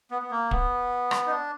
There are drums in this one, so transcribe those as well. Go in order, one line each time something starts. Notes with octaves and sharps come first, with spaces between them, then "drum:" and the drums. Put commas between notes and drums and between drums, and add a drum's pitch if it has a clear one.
B3
B3
A#3
B3, drum: kick
drum: rim click
D#4
D4